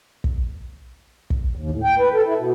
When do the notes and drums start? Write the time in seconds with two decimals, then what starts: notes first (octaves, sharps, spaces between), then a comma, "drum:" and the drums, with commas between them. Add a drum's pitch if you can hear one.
0.24 drum: kick
1.30 drum: kick
1.55 D#2
1.71 A2
1.84 G5
1.99 B4
2.14 A4
2.26 E4
2.38 B2